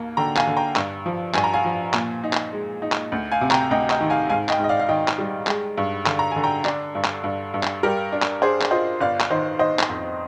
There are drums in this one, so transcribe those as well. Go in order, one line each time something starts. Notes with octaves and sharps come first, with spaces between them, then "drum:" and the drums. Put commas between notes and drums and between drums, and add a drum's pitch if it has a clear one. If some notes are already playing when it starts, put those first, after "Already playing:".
Already playing: D#2 A#3
D3 G5 A#5
F5 G#5, drum: clap
D3
G5 A#5
G2, drum: clap
F3
G2 G#5, drum: clap
A#5
F5 G#5
F3
A#2, drum: clap
D#4
drum: clap
G#3
D#4
drum: clap
D2
F5 G#5
C3
G5 A#5, drum: clap
D2 D#5 G5
D#5 G5, drum: clap
D#3
F5 G#5
G#2 F5 G#5
D#5 G5, drum: clap
G#2
D#5
D5 F5
F5
D#3 D#5 G5
drum: clap
G3
G#3, drum: clap
G2
D3, drum: clap
A#5
D3 G#5
G5 A#5
D4, drum: clap
G2
drum: clap
G2
G2
drum: clap
G3 G4 A#4
D4
drum: clap
D4 G#4 C5
drum: clap
F4 C5 D#5
G1 D5 F5
drum: clap
D#3 C5 D#5
D#3 C5 D#5
drum: clap
F2